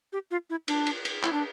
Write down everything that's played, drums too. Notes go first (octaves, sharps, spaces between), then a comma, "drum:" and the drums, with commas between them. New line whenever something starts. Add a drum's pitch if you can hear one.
G4
F4
E4
D4, drum: cymbal
drum: cymbal
drum: cymbal
E4, drum: clap
D4